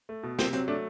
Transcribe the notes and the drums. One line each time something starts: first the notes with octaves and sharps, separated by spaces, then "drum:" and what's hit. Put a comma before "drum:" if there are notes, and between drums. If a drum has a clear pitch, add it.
A3
B2
C3 C4, drum: snare
F#3 C4, drum: hi-hat
A3 D4